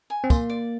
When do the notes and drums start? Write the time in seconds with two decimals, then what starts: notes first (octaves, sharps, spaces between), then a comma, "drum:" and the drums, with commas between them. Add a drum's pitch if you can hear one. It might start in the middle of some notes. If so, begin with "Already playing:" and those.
0.10 G#5
0.24 C4
0.30 A#3 C6, drum: kick, tambourine
0.50 D5